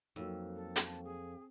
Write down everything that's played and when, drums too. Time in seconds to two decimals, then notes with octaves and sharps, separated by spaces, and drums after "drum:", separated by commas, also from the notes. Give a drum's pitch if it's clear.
0.16 F2 F#3 A#3 D#4
0.56 A4
0.76 drum: hi-hat
0.86 A5
1.05 G#4